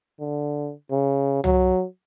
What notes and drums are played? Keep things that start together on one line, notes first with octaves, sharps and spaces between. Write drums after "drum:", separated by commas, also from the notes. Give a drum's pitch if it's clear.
D3
C#3
F#3, drum: tom C2